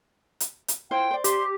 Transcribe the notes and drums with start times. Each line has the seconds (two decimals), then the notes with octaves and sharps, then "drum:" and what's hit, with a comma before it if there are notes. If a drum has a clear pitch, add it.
0.40 drum: hi-hat
0.68 drum: hi-hat
0.91 E4 F4 C5 G5
1.11 C5 D5
1.24 G4 C6, drum: hi-hat